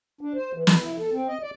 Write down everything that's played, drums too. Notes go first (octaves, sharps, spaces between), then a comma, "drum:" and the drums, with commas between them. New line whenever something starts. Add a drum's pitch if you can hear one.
D4
C5
E3
B4, drum: snare
E4
A4
C4
D#5
D5